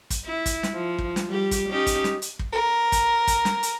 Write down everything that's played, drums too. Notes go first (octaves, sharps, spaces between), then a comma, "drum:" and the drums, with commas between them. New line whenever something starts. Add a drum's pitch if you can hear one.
drum: kick, hi-hat
E4
drum: kick, hi-hat
drum: snare
F3
drum: kick
drum: snare
G3 G4
drum: kick, hi-hat
C#4 D#4 G4
drum: kick, hi-hat
drum: snare
drum: hi-hat
drum: kick
A#4
drum: kick, hi-hat
drum: kick, hi-hat
drum: snare
drum: hi-hat